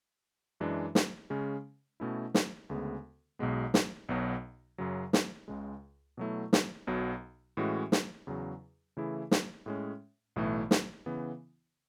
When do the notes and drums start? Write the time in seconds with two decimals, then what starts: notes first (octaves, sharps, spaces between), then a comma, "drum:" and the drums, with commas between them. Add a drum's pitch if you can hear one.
0.60 F#2 E3 G#3 D4
0.95 drum: snare
1.30 C#3 G#3 C#4
2.00 B2 A3 C#4 E4
2.34 drum: snare
2.70 D2 C#3 G#3 B3
3.39 B1 B2 G#3 B3
3.74 drum: snare
4.09 B1 B2 F#3
4.78 F#2 C#3 F#3
5.13 drum: snare
5.48 C#2 C#3 G#3
6.17 B2 F#3 A3 E4
6.53 drum: snare
6.87 B1 B2 F#3
7.57 A2 E3 G#3 C#4 F#4
7.92 drum: snare
8.27 E2 C#3 F#3
8.97 C#3 E3 A3 E4 G#4
9.31 drum: snare
9.66 A2 G#3 C#4
10.36 B1 A2 E3 A3
10.71 drum: snare
11.06 C#3 E3 B3